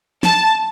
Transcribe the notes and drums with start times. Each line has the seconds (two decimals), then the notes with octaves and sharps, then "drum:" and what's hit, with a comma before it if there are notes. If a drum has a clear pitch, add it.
0.23 A5, drum: snare